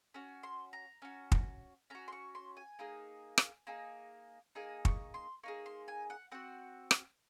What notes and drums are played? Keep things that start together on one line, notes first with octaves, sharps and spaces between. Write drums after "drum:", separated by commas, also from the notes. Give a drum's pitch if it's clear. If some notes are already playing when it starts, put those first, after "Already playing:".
C#4 F#4
C6
A#5
C#4 F#4
drum: kick
C#4 F#4 A#5
C6
C#6
C6
G#5
A#3 D#4 G#4
drum: rim click
A#3 D#4 G#4
A#3 D#4 G#4 G#5
C#6, drum: kick
C6
A#3 D#4 G#4 C#6
C6
G#5
F#5
C4 F#4 F#5
drum: rim click